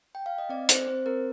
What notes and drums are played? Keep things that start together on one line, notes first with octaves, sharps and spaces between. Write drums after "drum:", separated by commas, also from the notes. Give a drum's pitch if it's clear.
G5
F5
D#5
C4 D5
C4 C5, drum: hi-hat
C4 C5
C4 A#4